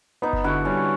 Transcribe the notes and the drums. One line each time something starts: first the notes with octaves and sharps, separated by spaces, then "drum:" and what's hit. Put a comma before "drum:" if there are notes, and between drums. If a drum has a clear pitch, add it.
B3 D#4
drum: kick F#1
D3 E4 F#4
G3 C#4